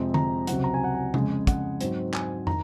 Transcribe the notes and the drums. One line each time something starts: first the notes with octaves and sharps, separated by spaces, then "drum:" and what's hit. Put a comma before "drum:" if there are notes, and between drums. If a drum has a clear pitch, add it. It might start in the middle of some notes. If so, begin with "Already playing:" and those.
Already playing: F2 C3 F3 G#3 C4
A#5, drum: tom D3
C#2 C3 F#3 C4 F#5, drum: hi-hat
A#5
G#5
F#5
G#5
F2 C#3 G#3, drum: tom
F#5, drum: kick, hi-hat
G#2 F#3 C4, drum: hi-hat
G#5, drum: clap
D#3 A#5, drum: tom